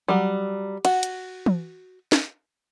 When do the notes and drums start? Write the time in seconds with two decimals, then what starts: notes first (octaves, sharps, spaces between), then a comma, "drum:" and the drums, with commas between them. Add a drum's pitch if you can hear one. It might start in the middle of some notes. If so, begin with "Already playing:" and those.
0.08 F#3 G3
0.85 F#4, drum: cymbal
1.03 drum: hi-hat
1.46 drum: tom E3
2.12 drum: snare